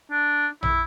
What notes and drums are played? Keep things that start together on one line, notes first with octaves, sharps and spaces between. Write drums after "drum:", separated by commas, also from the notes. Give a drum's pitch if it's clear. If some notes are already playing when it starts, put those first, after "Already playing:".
D4
E4, drum: tom A#1